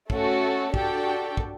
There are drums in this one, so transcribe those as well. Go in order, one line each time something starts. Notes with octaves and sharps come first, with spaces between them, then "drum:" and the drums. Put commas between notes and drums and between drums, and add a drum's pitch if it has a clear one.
A3 C#4 F#4 A4, drum: kick
D4 F#4 G4 A4 G5, drum: kick
drum: kick